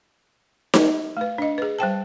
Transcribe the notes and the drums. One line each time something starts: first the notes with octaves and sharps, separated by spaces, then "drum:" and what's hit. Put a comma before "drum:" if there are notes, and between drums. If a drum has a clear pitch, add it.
drum: snare D#4
A3 B4
D4 D#5
G#4 B4
G3 C5 G5 A5